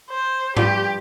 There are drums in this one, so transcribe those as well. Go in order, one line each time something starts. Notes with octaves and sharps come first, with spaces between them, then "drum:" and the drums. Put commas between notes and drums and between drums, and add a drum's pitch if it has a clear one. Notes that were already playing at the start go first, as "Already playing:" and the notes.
C5
G2 F3 G3 G4, drum: tom G#2